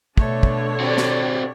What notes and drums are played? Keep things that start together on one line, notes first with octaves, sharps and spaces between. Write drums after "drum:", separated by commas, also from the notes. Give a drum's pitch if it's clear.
B2 D3 A3 D4 C#5, drum: kick
drum: kick
C4 F#4 G4 D5
drum: snare